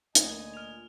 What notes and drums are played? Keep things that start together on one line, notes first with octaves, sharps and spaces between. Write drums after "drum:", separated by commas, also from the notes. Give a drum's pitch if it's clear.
D2 A#2 D#5 G#5, drum: hi-hat
F6 F7